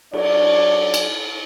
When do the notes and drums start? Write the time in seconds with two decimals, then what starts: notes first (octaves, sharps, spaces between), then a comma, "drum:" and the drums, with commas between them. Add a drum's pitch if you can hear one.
0.13 F#3 D4 C#5 D5, drum: cymbal
0.94 drum: cymbal